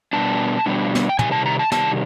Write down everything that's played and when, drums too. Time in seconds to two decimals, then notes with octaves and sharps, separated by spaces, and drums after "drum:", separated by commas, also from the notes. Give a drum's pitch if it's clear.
0.13 B2 G3 B3 D4 A5
0.66 B2 G3 B3 D4
0.95 drum: snare
1.09 G5
1.19 C3 D#3 G3 G#5, drum: tom
1.32 A5
1.46 A#5
1.59 A5
1.72 C3 D#3 G3 A5, drum: snare